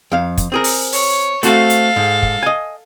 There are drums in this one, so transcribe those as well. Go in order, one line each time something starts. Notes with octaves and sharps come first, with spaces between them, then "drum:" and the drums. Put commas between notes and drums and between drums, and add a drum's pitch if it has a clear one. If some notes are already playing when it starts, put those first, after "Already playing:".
F2 F5
drum: kick, hi-hat
C4 G#4 A#4
drum: open hi-hat
C#5, drum: open hi-hat
A3 C4 F#4 A4 F5, drum: hi-hat
drum: hi-hat
G#2
drum: kick
D#5 G#5